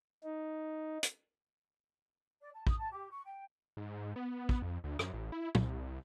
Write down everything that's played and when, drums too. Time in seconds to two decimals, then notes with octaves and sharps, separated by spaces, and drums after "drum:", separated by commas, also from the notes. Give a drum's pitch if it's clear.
0.24 D#4
1.03 drum: hi-hat
2.40 D5
2.53 A5
2.67 D#6, drum: kick
2.78 A5
2.91 G4
3.11 C#6
3.25 G5
3.77 G#2
4.16 B3
4.49 drum: kick
4.62 F2
4.84 D2
4.99 F#2, drum: rim click
5.13 A1
5.32 E4
5.55 C2, drum: tom A#2
5.87 C2